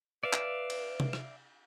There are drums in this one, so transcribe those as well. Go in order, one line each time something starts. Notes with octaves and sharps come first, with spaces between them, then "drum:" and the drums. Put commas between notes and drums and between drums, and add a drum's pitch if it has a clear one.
B4 D5 E5 F5
drum: clap
drum: cymbal
drum: tom C3
drum: rim click